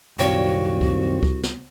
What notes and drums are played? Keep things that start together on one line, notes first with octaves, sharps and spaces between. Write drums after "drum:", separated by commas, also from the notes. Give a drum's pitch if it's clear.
C2 F#2 A#2 D#3 C4 F#4 C#5 G5
drum: kick C#2
drum: kick C#2
drum: snare